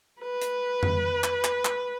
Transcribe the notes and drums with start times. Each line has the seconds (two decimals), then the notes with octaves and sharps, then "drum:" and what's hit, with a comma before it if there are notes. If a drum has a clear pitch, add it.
0.21 B4
0.42 drum: hi-hat
0.83 drum: tom F2
1.24 drum: clap
1.44 drum: clap
1.65 drum: clap